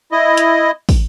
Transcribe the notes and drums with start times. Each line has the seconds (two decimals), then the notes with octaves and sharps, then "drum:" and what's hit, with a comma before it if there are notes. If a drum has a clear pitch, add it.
0.12 E4 D#5
0.37 drum: hi-hat
0.89 drum: kick, open hi-hat